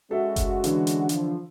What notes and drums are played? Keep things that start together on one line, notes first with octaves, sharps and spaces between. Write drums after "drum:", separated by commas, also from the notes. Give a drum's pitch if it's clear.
G#3 C#4 F#4 A4 E5
drum: kick F#1, hi-hat
D3 E3, drum: hi-hat
drum: hi-hat
F3, drum: hi-hat